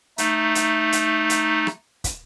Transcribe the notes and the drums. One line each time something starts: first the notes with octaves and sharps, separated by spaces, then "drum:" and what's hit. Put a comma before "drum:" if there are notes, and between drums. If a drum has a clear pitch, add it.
A3 D#4, drum: hi-hat
drum: hi-hat
drum: hi-hat
drum: hi-hat
drum: rim click
drum: kick, hi-hat